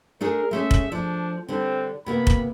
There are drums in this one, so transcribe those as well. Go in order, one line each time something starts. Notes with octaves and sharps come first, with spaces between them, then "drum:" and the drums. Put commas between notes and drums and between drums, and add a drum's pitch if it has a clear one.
A3 D4 G#4 A#4
G#3 A3 C#4 E5
drum: kick F1
F3 D4
D3 G3 C4 D4
C3 A#3 B3 B5
drum: kick F1